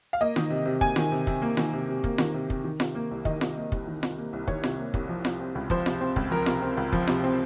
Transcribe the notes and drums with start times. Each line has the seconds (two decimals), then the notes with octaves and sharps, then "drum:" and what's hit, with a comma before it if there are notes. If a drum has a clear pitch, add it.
0.13 F5
0.21 A#3 D#5
0.36 D#3, drum: snare F4
0.50 C3
0.65 C3
0.81 A#3 G#5, drum: kick
0.96 D#3, drum: snare F4
1.12 C3
1.27 C3, drum: kick
1.42 A#3
1.57 D#3, drum: snare F4
1.73 C3
1.89 C3
2.04 A#3, drum: kick
2.18 D#3, drum: snare F4
2.34 C3
2.50 C3, drum: kick
2.64 D#3
2.80 C3, drum: snare F4
2.95 A#3
3.11 C2
3.25 D#3 D#5, drum: kick
3.41 C3, drum: snare F4
3.56 A#3
3.72 C2, drum: kick
3.88 D#3
4.03 C3, drum: snare F4
4.18 A#3
4.33 C2
4.48 D#3 C#5, drum: kick
4.64 C3, drum: snare F4
4.79 A#3
4.94 C2, drum: kick
5.09 F3
5.25 C3, drum: snare F4
5.40 C4
5.55 C#2
5.70 F3 C5, drum: kick
5.86 C3, drum: snare F4
6.01 C4
6.16 C#2, drum: kick
6.31 F3 A#4
6.46 C3, drum: snare F4
6.62 C4
6.77 C#2
6.93 F3, drum: kick
7.08 C3, drum: snare F4
7.24 C4